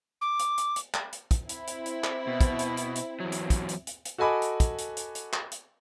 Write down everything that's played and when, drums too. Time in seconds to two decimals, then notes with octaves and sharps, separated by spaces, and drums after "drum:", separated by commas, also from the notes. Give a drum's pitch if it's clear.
0.21 D6
0.39 drum: hi-hat
0.58 drum: hi-hat
0.76 drum: hi-hat
0.94 drum: clap
1.12 drum: hi-hat
1.31 drum: kick, hi-hat
1.49 C4 E4, drum: hi-hat
1.67 drum: hi-hat
1.86 drum: hi-hat
2.04 drum: clap
2.27 B2
2.41 drum: kick, hi-hat
2.59 drum: hi-hat
2.77 drum: hi-hat
2.95 drum: hi-hat
3.20 E2 F#3
3.32 drum: hi-hat
3.50 drum: kick, hi-hat
3.69 drum: hi-hat
3.87 drum: hi-hat
4.05 drum: hi-hat
4.18 F#4 A4 D#5 G#5 B5 D6
4.42 drum: hi-hat
4.60 drum: kick, hi-hat
4.78 drum: hi-hat
4.97 drum: hi-hat
5.15 drum: hi-hat
5.33 drum: clap
5.52 drum: hi-hat